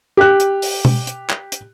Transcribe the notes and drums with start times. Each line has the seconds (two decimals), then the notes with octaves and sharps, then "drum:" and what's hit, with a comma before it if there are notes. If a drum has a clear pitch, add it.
0.17 G4 F#6
0.40 drum: hi-hat
0.62 drum: open hi-hat
0.85 drum: tom B2
1.07 drum: hi-hat
1.30 drum: clap
1.52 drum: hi-hat